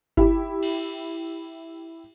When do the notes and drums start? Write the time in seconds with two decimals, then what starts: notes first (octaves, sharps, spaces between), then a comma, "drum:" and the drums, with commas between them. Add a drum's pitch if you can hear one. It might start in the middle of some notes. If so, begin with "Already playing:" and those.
0.17 E4 G4, drum: kick G1
0.63 drum: cymbal